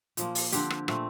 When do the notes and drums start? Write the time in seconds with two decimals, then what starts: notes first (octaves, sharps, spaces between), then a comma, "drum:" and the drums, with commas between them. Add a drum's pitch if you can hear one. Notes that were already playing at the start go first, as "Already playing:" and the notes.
0.17 A#2 F3 A#3, drum: hi-hat
0.35 drum: open hi-hat
0.52 D3 F3 C4 G4, drum: hi-hat
0.70 drum: rim click
0.88 A#2 A3 C4, drum: rim click